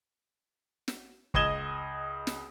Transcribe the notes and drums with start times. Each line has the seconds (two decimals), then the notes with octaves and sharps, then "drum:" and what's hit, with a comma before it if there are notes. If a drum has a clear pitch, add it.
0.88 drum: snare
1.34 C#2 D#5 D#6 G#6 E7 G7, drum: kick
2.27 drum: snare